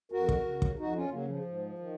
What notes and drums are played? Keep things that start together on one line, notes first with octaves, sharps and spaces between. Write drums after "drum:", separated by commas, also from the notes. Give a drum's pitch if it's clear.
F2 F#4 A#4
drum: kick
C#3
drum: kick
F2 D#4 F#4
C#4 F4
C#3 F#3 A#3
F3
G#2
D#3